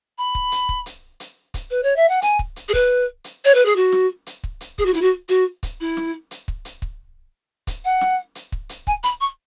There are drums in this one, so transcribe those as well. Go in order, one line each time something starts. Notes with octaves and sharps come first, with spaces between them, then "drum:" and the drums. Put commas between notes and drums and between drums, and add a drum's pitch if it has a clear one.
B5
drum: kick C#1
drum: hi-hat
drum: kick C#1
drum: hi-hat
drum: hi-hat
drum: kick C#1, hi-hat
B4
C#5
E5
F#5
G#5, drum: hi-hat
drum: kick C#1
drum: hi-hat
G#4
B4, drum: kick C#1
drum: hi-hat
C#5
B4
G#4
F#4
drum: snare
drum: hi-hat
drum: kick C#1
drum: hi-hat
G#4, drum: kick C#1
F#4
E4, drum: hi-hat
F#4
F#4, drum: hi-hat
drum: kick C#1, hi-hat
E4
drum: snare
drum: hi-hat
drum: kick C#1
drum: hi-hat
drum: kick C#1
drum: kick C#1, hi-hat
F#5
drum: snare
drum: hi-hat
drum: kick C#1
drum: hi-hat
G#5, drum: kick C#1
B5, drum: hi-hat
C#6